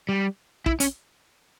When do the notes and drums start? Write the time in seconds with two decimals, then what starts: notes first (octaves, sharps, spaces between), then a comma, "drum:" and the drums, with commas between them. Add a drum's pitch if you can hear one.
0.09 G3
0.66 E4, drum: kick
0.80 C#4, drum: hi-hat